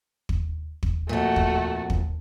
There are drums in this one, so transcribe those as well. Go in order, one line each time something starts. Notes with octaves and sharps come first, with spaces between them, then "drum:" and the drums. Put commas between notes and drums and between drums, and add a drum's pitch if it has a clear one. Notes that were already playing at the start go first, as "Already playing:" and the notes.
drum: kick
drum: kick
F2 A#2 A3 F#4
drum: kick
drum: kick